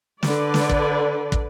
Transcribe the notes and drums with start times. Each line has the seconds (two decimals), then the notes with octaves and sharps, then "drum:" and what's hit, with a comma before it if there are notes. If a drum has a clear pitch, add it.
0.23 D3 B4 D5, drum: snare
0.54 drum: snare
0.69 drum: kick
1.32 drum: kick